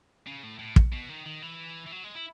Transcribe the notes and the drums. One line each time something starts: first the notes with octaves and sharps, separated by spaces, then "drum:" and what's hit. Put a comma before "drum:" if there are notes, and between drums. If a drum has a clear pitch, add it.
C#3
A2
A2
drum: kick
B2
D#3
D#3
E3
E3
F#3
G#3
E4